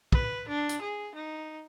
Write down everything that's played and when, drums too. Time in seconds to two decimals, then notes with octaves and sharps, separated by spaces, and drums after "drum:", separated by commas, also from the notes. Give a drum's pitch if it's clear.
0.12 B4, drum: kick
0.48 D4
0.69 drum: hi-hat
0.81 G#4
1.15 D#4